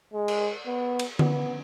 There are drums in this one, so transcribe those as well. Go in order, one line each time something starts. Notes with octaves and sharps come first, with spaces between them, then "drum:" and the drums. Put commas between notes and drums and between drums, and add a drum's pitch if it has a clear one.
G#3
drum: cymbal
B3
drum: cymbal
B3, drum: tom D3